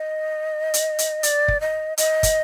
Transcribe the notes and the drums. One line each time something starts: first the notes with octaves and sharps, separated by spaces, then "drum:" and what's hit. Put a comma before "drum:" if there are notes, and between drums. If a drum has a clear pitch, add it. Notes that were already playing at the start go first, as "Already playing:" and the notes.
Already playing: D#5
drum: hi-hat
drum: hi-hat
D5, drum: hi-hat
drum: kick
D#5
D#5, drum: hi-hat
drum: kick, hi-hat